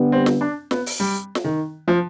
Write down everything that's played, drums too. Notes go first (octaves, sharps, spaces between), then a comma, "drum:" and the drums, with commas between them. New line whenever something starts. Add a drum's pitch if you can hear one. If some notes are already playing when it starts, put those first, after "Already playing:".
Already playing: D3 G3 B3
C4
drum: snare
D4
B3, drum: snare
drum: open hi-hat
G3
drum: snare
D#3
F3